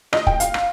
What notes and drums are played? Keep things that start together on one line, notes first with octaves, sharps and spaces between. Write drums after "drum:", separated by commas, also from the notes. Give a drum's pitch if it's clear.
D#5, drum: rim click
G5, drum: kick
F5, drum: hi-hat
drum: rim click